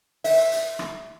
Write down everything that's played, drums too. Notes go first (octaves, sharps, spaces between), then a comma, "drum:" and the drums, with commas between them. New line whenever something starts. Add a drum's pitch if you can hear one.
E5, drum: open hi-hat
drum: hi-hat
drum: rim click